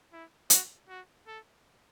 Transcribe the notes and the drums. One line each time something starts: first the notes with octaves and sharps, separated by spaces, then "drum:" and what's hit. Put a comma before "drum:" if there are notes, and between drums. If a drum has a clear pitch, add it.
E4
F#4, drum: hi-hat
F#4
A4